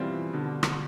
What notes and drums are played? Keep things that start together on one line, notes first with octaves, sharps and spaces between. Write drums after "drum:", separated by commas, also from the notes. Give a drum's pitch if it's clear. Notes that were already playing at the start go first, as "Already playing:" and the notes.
Already playing: B2 E3 G3 C4 F4
B2 D3
drum: rim click